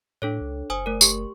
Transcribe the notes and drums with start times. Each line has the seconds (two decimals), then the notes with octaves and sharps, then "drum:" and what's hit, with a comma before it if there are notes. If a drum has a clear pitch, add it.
0.22 A2 D4 A4 C#5
0.41 C#2
0.70 F#1 C5 G#5 D#6
0.86 A3 A#4
1.01 G4 C#6, drum: tambourine